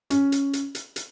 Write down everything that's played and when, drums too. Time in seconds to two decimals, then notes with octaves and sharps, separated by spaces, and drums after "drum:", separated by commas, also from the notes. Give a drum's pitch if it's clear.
0.10 C#4, drum: hi-hat
0.32 drum: hi-hat
0.53 drum: hi-hat
0.75 drum: hi-hat
0.96 drum: hi-hat